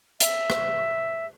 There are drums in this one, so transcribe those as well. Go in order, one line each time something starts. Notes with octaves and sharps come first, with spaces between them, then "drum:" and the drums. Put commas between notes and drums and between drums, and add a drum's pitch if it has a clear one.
E5, drum: hi-hat
drum: rim click